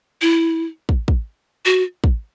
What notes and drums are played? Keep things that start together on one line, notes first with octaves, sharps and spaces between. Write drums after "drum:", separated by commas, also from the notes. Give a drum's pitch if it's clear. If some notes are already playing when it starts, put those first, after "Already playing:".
E4
drum: kick
drum: kick
F#4
drum: kick